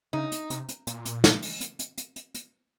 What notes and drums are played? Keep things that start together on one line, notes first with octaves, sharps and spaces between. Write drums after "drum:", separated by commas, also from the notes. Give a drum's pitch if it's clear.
C#3 D#4
drum: hi-hat
C3, drum: hi-hat
drum: hi-hat
A#2, drum: hi-hat
drum: hi-hat
drum: snare
drum: open hi-hat
drum: hi-hat
drum: hi-hat
drum: hi-hat
drum: hi-hat
drum: hi-hat